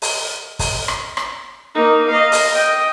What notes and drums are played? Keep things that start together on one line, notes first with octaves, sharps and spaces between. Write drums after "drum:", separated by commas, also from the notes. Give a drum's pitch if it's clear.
drum: open hi-hat
drum: kick, open hi-hat
drum: rim click
drum: rim click
A#3 D#4
D#5 F5
drum: open hi-hat
D#5 G5